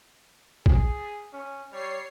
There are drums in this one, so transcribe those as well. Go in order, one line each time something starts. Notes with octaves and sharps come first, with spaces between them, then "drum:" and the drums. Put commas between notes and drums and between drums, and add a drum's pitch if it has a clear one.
G#4, drum: kick
C#4
G3 C#5 C7